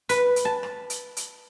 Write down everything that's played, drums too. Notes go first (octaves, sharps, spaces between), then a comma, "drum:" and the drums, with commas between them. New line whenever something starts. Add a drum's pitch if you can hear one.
B4, drum: hi-hat
drum: hi-hat
A5
drum: rim click
drum: hi-hat
drum: hi-hat